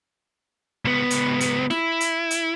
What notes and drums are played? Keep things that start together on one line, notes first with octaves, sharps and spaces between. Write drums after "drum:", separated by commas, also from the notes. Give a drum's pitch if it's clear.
C#2 B3
drum: hi-hat
drum: hi-hat
E4, drum: snare
drum: hi-hat
drum: hi-hat